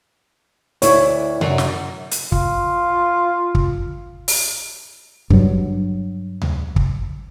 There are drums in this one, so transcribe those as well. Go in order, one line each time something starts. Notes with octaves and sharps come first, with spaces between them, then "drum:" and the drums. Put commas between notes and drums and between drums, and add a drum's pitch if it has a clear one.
D2 E4 C#5 E5, drum: hi-hat
F#2, drum: tom C3
drum: snare
drum: hi-hat
F4, drum: kick
drum: kick
drum: open hi-hat
G2 F#3, drum: kick
drum: tom D2
drum: kick